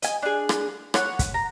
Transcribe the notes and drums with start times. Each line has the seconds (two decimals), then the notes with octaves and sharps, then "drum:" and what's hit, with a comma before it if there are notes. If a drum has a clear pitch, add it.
0.02 D#5 G#5, drum: hi-hat
0.22 D4 G#4
0.49 drum: rim click
0.94 C#5 F#5, drum: rim click
1.19 drum: kick, hi-hat
1.34 A#5